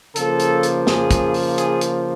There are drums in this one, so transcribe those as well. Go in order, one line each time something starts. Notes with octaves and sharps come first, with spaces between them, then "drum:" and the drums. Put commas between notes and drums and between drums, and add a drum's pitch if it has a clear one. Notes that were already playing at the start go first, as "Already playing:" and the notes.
C#3 F3 A#3 A4, drum: hi-hat
drum: hi-hat
drum: hi-hat
G#4, drum: snare
drum: kick, hi-hat
drum: open hi-hat
G#4, drum: hi-hat
drum: hi-hat